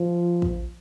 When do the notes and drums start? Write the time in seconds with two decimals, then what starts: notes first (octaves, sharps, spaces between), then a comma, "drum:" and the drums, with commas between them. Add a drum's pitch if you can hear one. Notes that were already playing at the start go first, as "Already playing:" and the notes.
Already playing: F3
0.42 drum: kick